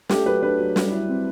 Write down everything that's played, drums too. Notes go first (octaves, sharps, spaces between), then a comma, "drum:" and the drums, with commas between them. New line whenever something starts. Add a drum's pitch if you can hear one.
A3 G4, drum: snare
F#3 B4
D4 B4
F#3
G3, drum: snare
E4
C4